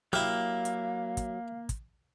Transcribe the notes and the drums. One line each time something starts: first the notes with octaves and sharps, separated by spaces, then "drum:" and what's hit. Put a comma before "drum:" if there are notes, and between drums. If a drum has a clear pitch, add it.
F#3 A#3 E4 G4 F5 F6
drum: hi-hat
drum: kick, hi-hat
drum: kick, hi-hat